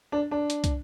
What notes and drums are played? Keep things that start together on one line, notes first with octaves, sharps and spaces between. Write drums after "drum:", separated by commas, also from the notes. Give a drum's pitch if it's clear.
D4
D4
drum: hi-hat
drum: kick, hi-hat